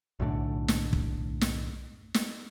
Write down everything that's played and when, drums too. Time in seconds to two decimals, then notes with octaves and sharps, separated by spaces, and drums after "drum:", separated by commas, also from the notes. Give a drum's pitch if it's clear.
0.20 B1 F#2 A2 D3
0.68 drum: snare
0.93 drum: kick
1.41 drum: snare
2.14 drum: snare